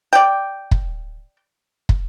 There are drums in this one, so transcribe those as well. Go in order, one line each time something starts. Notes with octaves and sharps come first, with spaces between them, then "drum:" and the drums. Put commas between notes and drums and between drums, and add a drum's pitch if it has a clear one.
D5 G5
drum: kick
drum: kick